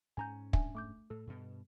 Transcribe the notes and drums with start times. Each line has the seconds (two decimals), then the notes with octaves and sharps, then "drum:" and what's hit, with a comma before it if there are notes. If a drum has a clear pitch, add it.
0.17 G#2 C#4 G#5 A#5 G6
0.53 D4 E5 G#5, drum: kick
0.75 A3 D6 G6
1.10 A2 A4
1.27 G2 B2